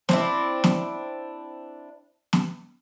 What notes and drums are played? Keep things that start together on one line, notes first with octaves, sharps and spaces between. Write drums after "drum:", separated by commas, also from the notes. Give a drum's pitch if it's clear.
C4 D4 E4, drum: snare
drum: snare
drum: snare